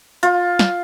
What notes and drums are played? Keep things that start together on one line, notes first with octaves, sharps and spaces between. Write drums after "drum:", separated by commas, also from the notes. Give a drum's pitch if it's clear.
F4, drum: hi-hat
drum: snare